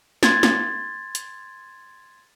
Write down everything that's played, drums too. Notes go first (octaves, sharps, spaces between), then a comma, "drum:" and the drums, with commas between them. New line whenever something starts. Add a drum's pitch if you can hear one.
C6 G#6 A6, drum: snare
drum: snare
drum: hi-hat